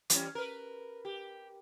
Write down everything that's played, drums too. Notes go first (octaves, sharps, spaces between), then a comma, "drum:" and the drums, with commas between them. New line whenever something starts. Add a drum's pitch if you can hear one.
E3 G3 C#4, drum: hi-hat
A#4 B4
G4